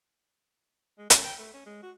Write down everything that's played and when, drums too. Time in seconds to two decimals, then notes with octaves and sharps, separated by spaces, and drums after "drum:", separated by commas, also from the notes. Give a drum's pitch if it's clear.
0.98 G#3
1.10 C#4, drum: hi-hat
1.24 G5
1.39 A3
1.53 C#4
1.66 G#3
1.83 F#4